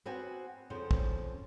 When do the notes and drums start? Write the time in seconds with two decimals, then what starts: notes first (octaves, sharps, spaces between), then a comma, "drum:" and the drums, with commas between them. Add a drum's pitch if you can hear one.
0.06 B3 C4 F#4 G4 C5 G#5
0.70 F2 C#3 F3 C5
0.91 drum: kick